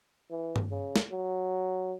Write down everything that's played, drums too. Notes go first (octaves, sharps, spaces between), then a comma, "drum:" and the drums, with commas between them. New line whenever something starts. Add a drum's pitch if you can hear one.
E3
drum: tom G2
C#3
drum: snare
F#3